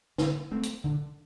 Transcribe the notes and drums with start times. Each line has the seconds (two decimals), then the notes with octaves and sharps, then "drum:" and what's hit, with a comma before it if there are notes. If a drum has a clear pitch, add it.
0.18 D3, drum: snare E4
0.51 A3 C4
0.63 drum: hi-hat
0.84 D3